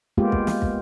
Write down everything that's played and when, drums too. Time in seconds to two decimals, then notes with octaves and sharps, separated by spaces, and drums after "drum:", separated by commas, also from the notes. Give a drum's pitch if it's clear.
0.17 G#3 A#3 B3 F4 G4
0.32 drum: kick
0.47 drum: snare
0.62 drum: kick